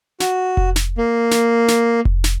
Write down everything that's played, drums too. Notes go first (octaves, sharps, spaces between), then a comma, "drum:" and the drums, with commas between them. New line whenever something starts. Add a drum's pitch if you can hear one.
F#4, drum: snare
drum: kick F1
drum: snare
A#3
drum: snare
drum: snare
drum: kick F1
drum: snare